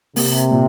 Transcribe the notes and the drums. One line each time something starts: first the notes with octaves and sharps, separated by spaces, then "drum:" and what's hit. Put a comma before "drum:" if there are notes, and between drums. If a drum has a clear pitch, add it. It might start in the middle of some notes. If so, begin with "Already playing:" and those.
C3 A#3, drum: open hi-hat
A#2